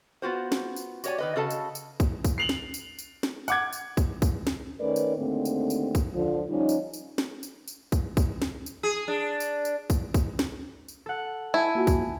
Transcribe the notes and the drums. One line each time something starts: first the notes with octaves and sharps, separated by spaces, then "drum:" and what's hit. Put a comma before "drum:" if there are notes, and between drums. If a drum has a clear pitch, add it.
B3 F4 F#4 C5
drum: snare
drum: tambourine
F#4 G4 C#5 D5 G#5, drum: tambourine
D#3 B4 D#5
C#3 F#4 A4 D#5 A5
drum: tambourine
drum: tambourine
drum: kick, tambourine
drum: kick, tambourine
C7 F7 F#7
drum: snare
drum: tambourine
drum: tambourine
drum: snare
F#5 D6 G#6, drum: tambourine
drum: tambourine
drum: kick, tambourine
drum: kick, tambourine
drum: snare
D#3 A3 C#4 A#4 B4 D5
drum: tambourine
D#2 G#2 D3 A3 C4
drum: tambourine
drum: tambourine
drum: kick, tambourine
D3 F3
F3 G3 C#4 D#4
drum: tambourine
drum: tambourine
drum: snare
drum: tambourine
drum: tambourine
drum: kick, tambourine
drum: kick, tambourine
drum: snare
drum: tambourine
G#4
D4
drum: tambourine
drum: tambourine
drum: kick, tambourine
drum: kick, tambourine
drum: snare
drum: tambourine
A4 F#5
E4 G#5 A5
A#3 F4 F#4
drum: kick, tambourine